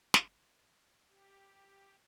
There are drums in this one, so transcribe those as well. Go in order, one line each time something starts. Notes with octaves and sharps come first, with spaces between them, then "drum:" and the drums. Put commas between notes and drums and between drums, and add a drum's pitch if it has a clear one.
drum: snare
G4